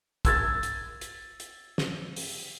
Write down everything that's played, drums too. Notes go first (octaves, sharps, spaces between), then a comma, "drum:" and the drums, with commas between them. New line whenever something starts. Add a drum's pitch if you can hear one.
E6 G#6 A6, drum: kick, hi-hat
drum: hi-hat
drum: hi-hat
drum: hi-hat
drum: snare
drum: open hi-hat